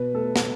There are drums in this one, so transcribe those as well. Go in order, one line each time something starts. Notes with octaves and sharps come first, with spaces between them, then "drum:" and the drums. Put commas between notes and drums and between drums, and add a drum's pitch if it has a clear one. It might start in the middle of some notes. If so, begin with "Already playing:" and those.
Already playing: B2 B4
A3 A4
drum: snare